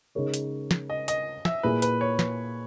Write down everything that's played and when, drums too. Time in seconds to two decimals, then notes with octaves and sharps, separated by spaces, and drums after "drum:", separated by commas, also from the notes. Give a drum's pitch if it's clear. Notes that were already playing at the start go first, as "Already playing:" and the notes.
0.15 C#3 G#3 D#4 A#4 C#5
0.34 drum: hi-hat
0.71 drum: snare
0.90 D#5
1.08 D#5, drum: hi-hat
1.45 E5, drum: snare
1.63 A#2 A#3 E4 G#4 B4
1.82 B4, drum: hi-hat
2.01 C#5
2.19 B4, drum: snare